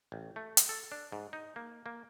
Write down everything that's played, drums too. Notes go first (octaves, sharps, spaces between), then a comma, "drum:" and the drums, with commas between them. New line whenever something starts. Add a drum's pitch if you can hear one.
A1
A3
drum: hi-hat
A4
D4
G#2
D#4
A#3
A#3